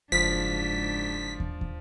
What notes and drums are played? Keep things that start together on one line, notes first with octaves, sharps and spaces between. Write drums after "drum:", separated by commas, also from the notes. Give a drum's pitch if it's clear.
F#1 G#2 F3 D4 B6
drum: kick
drum: kick